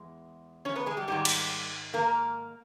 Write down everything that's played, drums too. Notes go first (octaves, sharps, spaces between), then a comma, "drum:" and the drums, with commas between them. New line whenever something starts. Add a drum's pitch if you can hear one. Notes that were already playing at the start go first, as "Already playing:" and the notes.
Already playing: E2 G#3
C#4 C#5
B3 B4
G#3 G#4
G3 G4
G#2 D#3 G3 G#3 G4
drum: cymbal
A#3 A#4